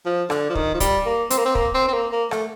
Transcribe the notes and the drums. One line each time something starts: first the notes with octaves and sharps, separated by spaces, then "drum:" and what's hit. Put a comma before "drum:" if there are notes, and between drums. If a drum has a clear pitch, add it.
F3
D3, drum: rim click
F3
D#3, drum: kick
F3
G3, drum: kick, hi-hat
A#3
C4, drum: hi-hat
A#3
C4
A#3, drum: kick
C4
C4
A#3
A#3
A3, drum: rim click